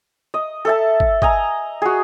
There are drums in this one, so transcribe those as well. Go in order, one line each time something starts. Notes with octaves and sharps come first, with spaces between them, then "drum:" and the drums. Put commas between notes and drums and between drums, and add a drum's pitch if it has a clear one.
D#5
A4 E5 A5
drum: kick
D#5 G#5 A#5, drum: kick
F#4 G#4